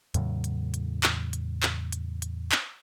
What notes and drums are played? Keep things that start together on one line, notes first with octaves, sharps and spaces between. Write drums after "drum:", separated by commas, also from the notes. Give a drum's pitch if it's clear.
E2 A2 C#3 F#3, drum: hi-hat
drum: hi-hat
drum: hi-hat
drum: clap
drum: hi-hat
drum: clap
drum: hi-hat
drum: hi-hat
drum: clap